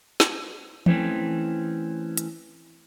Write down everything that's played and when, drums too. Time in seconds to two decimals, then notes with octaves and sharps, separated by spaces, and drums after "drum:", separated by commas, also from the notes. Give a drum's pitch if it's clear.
0.20 drum: snare
0.86 E3 A3 C4 C#4, drum: tom E3
2.17 drum: hi-hat